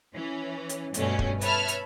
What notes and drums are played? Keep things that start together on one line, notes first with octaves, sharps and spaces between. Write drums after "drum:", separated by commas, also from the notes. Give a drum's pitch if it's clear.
E3 C#4
drum: hi-hat
G2 B2 A3 C#4, drum: hi-hat
drum: kick
B4 C#5 E5 A5 B5 F6, drum: hi-hat
drum: hi-hat